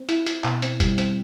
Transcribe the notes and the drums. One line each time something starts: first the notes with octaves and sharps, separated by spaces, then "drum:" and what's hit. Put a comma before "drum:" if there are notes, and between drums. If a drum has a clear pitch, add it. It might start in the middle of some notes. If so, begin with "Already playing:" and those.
Already playing: C4
E4, drum: hi-hat
E4, drum: hi-hat
B2, drum: clap
C4, drum: hi-hat
G3, drum: kick, hi-hat
C4, drum: hi-hat